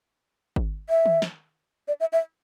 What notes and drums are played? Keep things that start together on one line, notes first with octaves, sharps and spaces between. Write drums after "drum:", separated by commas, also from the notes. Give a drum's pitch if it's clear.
drum: kick G#1
E5
drum: tom D#3
drum: snare
D5
E5
E5